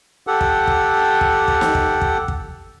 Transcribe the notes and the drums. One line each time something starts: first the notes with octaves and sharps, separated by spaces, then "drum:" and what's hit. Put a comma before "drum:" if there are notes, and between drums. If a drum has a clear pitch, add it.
G4 A4 F#5
drum: kick
drum: kick
drum: kick
drum: kick
drum: snare
drum: kick
drum: kick
drum: kick